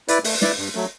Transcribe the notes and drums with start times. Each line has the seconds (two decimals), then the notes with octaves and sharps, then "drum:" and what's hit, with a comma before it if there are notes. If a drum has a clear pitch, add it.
0.08 E4 B4 D5, drum: hi-hat
0.24 A3, drum: open hi-hat
0.42 E4 B4 D5, drum: snare
0.58 G2
0.75 F#3 A3